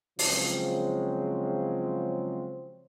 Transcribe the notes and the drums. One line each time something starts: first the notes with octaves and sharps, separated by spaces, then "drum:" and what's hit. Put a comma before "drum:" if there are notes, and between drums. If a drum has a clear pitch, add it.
C#3 F3 F#3 G#3 C4, drum: open hi-hat